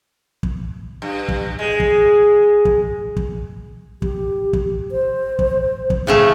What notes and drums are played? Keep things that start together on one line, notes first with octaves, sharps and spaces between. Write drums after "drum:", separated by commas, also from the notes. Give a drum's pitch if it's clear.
drum: kick
G2
drum: kick
G#3
drum: kick
drum: kick
drum: kick
G4, drum: kick
drum: kick
C5
drum: kick
drum: kick
A2 C#3 A3 G#4